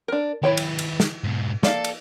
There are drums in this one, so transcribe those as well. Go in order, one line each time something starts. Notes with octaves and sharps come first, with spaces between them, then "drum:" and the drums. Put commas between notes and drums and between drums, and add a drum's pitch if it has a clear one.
D4 A#4
D#3 E4 B4 C#5 G5
drum: cymbal
drum: cymbal
drum: snare
G#2 B2
A#3 A4 D5 F5, drum: snare
drum: cymbal